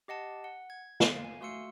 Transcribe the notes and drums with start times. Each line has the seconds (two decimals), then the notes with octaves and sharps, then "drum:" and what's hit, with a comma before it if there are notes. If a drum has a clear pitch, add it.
0.08 G4 D#5 F#5 A5
0.44 F#5
0.70 G#6
1.00 F5, drum: snare
1.24 G#5
1.41 A3 F#4 F5 C6 E6 C#7